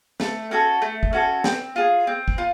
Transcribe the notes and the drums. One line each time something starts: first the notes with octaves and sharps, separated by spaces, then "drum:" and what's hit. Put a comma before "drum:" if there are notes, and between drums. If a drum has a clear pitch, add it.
A3, drum: snare
C#4 F#4 A4
A3
drum: kick
C#4 F#4 A4
C4, drum: snare
F4 G#4
C4
drum: kick
F4